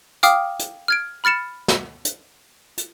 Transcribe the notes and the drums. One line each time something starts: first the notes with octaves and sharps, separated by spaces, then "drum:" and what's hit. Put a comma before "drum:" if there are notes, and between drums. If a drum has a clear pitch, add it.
F5 G5 D6 D#6 F6, drum: hi-hat
drum: hi-hat
F6 G#6 D7
B5 F6 A6 C#7 E7
drum: snare
drum: hi-hat
drum: hi-hat